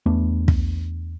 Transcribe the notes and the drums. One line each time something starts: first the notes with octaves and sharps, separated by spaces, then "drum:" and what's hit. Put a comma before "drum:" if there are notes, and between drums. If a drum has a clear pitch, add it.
E2 A3 B3 D4
drum: kick